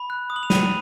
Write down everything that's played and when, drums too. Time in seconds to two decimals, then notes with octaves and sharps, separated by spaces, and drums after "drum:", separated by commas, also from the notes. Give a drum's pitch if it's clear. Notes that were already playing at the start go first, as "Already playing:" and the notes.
Already playing: B5
0.10 F#6
0.30 D#6
0.36 F#7
0.43 F7
0.50 B5 D#7, drum: snare